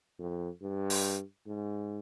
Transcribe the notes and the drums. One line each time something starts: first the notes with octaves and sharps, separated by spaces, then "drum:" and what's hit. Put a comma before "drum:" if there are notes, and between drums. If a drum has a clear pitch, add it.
F2
G2
drum: open hi-hat
G#2